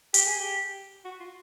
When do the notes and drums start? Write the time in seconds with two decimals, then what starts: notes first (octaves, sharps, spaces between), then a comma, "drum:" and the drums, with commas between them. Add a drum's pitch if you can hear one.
0.14 G4, drum: hi-hat
0.26 G#4
0.40 G4
1.05 F#4
1.20 F4